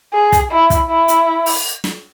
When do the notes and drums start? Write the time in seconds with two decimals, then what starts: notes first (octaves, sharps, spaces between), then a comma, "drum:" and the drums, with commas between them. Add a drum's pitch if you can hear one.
0.14 G#4
0.32 drum: kick, hi-hat
0.51 E4
0.70 drum: kick, hi-hat
0.89 E4
1.08 drum: hi-hat
1.46 drum: open hi-hat
1.84 drum: snare